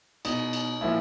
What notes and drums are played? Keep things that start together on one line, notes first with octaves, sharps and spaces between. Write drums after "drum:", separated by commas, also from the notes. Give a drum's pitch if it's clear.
B2 D#4, drum: cymbal
drum: cymbal
A#2 F3 E4